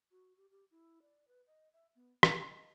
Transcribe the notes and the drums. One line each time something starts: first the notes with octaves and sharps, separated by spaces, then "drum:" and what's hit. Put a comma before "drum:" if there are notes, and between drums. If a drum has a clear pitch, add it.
F#4
G4
G4
E4
D5
B4
D#5
E5
B3
F4, drum: rim click
D#5